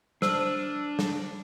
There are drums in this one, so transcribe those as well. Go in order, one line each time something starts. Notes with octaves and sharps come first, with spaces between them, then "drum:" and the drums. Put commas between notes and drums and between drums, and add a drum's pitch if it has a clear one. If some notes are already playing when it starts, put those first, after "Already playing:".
D4 C5 E6, drum: snare
drum: snare